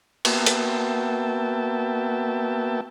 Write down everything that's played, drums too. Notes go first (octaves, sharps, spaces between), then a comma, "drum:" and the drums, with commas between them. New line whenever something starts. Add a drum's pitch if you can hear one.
A#3 B3 F#4 E5 G5 A5, drum: cymbal
drum: hi-hat